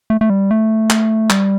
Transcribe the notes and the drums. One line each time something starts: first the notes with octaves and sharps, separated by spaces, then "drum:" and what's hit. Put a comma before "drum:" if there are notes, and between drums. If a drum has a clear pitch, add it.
A3
A3
G3
A3
drum: clap
G3, drum: clap